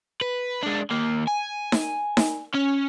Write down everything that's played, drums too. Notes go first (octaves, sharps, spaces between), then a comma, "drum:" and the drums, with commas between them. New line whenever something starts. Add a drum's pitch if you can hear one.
B4
G#3 D4
D#2 A#3
G#5
drum: snare D#4
drum: snare D#4
C#4